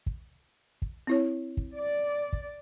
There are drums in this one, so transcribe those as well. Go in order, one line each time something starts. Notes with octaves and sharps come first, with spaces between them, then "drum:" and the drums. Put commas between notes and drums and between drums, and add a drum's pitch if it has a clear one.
drum: kick
drum: kick
C4 E4 C#5
drum: kick
D5
drum: kick